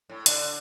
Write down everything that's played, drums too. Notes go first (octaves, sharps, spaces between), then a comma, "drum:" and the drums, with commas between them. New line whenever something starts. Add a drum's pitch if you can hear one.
A2
D3, drum: hi-hat